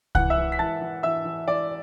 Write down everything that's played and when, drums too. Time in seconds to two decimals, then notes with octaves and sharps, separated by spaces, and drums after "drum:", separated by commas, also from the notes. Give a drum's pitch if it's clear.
0.15 E3 F#5 F#6, drum: kick C2
0.30 E5 E6
0.37 E3
0.52 B6
0.59 E3 A5 A6
0.81 E3
1.03 E3 E5 E6
1.25 E3
1.47 E3 D5